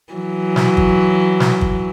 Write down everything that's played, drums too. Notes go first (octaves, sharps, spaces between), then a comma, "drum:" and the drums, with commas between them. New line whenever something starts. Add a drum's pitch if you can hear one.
E3 F#3
drum: snare
drum: kick
drum: snare
drum: kick